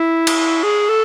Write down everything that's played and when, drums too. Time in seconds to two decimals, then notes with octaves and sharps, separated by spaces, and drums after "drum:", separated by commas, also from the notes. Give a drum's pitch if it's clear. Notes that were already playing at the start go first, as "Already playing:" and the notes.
Already playing: E4
0.27 drum: cymbal
0.63 G#4
0.89 A4